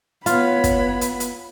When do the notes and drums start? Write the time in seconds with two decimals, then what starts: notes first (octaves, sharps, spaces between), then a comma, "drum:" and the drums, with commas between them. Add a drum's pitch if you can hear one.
0.26 B3 F4 C#5 B5, drum: hi-hat
0.64 drum: kick, hi-hat
1.01 drum: hi-hat
1.20 drum: hi-hat